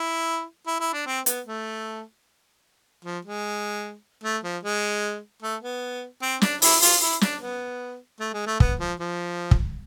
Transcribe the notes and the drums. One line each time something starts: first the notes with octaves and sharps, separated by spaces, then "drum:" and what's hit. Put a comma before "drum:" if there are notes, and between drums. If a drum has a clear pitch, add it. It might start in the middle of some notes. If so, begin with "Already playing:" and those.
Already playing: E4
E4
E4
D4
C4
B3, drum: hi-hat
A3
F3
G#3
A3
F3
G#3
A3
B3
C4
D4, drum: snare
E4, drum: open hi-hat
F4, drum: open hi-hat
E4
D4, drum: snare
B3
A3
G#3
A3
B3, drum: kick
F3
F3
drum: kick